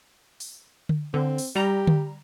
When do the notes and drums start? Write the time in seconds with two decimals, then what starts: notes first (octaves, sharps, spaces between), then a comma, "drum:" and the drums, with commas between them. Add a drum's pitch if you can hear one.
0.40 drum: open hi-hat
0.89 drum: tom D3
1.14 D3 C4
1.38 drum: open hi-hat
1.56 G3 G4 A#5
1.87 drum: tom D3